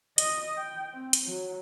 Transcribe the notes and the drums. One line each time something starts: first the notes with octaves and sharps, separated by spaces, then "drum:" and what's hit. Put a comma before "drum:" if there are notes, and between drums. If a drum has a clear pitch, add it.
D#5, drum: hi-hat
G5
C4
drum: hi-hat
F#3